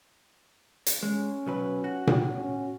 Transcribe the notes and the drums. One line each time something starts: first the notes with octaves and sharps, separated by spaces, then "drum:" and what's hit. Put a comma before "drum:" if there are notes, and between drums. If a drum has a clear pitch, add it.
drum: hi-hat
G#3 C#4
B1 F#3 B4
F#4
drum: tom A#2
C#4